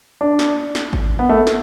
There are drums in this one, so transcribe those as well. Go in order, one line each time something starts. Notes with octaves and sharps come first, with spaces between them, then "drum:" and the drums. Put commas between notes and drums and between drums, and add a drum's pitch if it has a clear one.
D4
drum: snare
drum: snare
drum: kick G#1
B3
A3
drum: snare